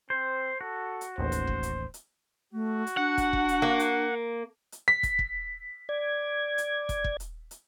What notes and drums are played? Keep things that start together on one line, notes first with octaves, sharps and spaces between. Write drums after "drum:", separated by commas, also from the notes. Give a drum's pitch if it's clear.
C4 C5
F#4 A4
drum: hi-hat
A1 D#2 C5
drum: kick, hi-hat
drum: kick
drum: hi-hat
drum: hi-hat
A3 F#4
drum: hi-hat
D4 F#5
drum: kick, hi-hat
drum: kick
drum: hi-hat
A#3
drum: hi-hat
drum: hi-hat
B6
drum: kick, hi-hat
drum: kick
D5 G#6
drum: hi-hat
drum: kick, hi-hat
drum: kick
drum: hi-hat
drum: hi-hat